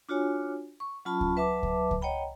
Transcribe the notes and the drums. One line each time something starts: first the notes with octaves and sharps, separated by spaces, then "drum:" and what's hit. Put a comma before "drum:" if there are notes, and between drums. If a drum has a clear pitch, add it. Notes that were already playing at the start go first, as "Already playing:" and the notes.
D4 F4 F#4 C#5 G#5
C#6
F#3 C#4 F4 A5 B5 C#6
drum: kick C#2
F#3 B4 E5 A5 D6
drum: kick C#2
drum: kick C#2
C#5 D#5 F#5 G5 A#5 B5